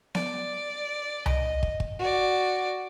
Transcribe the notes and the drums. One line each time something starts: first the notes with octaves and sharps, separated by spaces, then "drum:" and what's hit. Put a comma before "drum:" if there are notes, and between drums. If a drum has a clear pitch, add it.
D5, drum: snare B3
D#5, drum: tom C2
drum: kick
drum: kick
F#4 D5